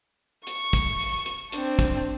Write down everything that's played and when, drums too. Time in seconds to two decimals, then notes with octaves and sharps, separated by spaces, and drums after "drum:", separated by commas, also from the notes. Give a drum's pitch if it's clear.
0.47 C#6, drum: hi-hat
0.73 drum: kick, hi-hat
1.00 drum: open hi-hat
1.26 drum: hi-hat
1.52 C4 D4, drum: hi-hat
1.79 drum: kick, hi-hat